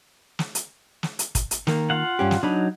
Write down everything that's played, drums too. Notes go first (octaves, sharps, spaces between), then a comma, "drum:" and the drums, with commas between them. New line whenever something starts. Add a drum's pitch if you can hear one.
drum: snare
drum: hi-hat
drum: snare
drum: hi-hat
drum: kick, hi-hat
drum: hi-hat
D#3 A#3, drum: snare
F4 F5 F#5
G2 C#4 G4
drum: snare
F#3 D4 D#4 B5